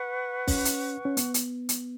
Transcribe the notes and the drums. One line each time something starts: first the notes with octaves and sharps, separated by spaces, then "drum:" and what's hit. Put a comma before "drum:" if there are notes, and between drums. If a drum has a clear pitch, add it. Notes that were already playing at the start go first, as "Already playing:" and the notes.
Already playing: B4 F#5 C#6
C#4, drum: kick, open hi-hat
drum: hi-hat
C#4
B3, drum: hi-hat
drum: hi-hat
drum: hi-hat